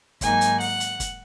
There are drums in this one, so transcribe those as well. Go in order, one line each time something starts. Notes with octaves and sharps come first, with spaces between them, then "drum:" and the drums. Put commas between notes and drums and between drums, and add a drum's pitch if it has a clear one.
G#2 D#3 F#3 A#3 D#4 G#5, drum: kick, hi-hat
drum: hi-hat
F#5, drum: open hi-hat
drum: hi-hat
drum: kick, hi-hat